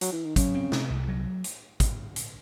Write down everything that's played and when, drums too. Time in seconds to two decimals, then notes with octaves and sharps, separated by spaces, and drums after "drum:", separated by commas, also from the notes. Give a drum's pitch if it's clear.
0.01 F#3, drum: hi-hat
0.13 E3
0.25 D#3
0.36 C#3 F#3, drum: kick, hi-hat
0.55 C4
0.72 C3, drum: snare
0.90 C2
1.08 F#3
1.44 drum: hi-hat
1.80 drum: kick, hi-hat
2.16 drum: hi-hat